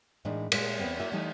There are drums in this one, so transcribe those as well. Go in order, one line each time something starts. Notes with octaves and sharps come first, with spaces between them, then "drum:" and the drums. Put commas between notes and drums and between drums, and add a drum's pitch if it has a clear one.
A2 E3 G#3 A#3 D4 D#4
A#2 G#3 A3, drum: cymbal
E2 B3 C4
A#3 E4 F#4 E5
E3 G3 A3 D#4 A4 A5